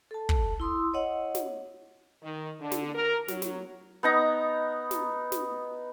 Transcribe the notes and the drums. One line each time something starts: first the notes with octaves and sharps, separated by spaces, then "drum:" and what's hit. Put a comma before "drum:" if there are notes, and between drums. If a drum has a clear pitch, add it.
A4 A5
drum: kick
E4 C6 D#6 E6
C#5 D#5 F#5
drum: snare
D#3
D3
drum: snare
A#4
F#3, drum: snare
drum: snare
B3 D#4 A#5
drum: snare
drum: snare